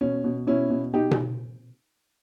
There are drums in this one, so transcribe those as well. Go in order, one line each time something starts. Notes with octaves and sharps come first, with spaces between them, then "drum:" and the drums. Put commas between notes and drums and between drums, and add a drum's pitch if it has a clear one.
B2 C#4
B2
B2 C#4 E4
B2
B2 D#4 G4
drum: tom B2